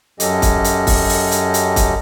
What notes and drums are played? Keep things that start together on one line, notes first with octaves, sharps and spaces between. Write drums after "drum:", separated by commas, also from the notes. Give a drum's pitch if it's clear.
F#2 F#3 C#4 G4 A4 D#5, drum: hi-hat
drum: kick, hi-hat
drum: hi-hat
drum: kick, open hi-hat
drum: open hi-hat
drum: hi-hat
drum: hi-hat
drum: kick, hi-hat